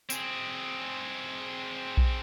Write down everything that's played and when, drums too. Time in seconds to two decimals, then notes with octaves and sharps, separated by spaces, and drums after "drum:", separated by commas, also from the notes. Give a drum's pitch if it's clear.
0.10 C4 G#4, drum: tambourine
1.97 drum: kick A#1